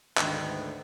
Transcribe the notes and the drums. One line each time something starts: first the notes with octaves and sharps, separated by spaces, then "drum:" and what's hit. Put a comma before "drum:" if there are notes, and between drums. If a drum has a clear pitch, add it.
D2 G#2 D#3 B3, drum: clap